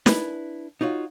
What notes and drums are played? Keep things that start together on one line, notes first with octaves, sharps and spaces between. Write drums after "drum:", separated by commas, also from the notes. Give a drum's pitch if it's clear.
D4 E4 B4, drum: snare
D#4 F4 F#4 C#5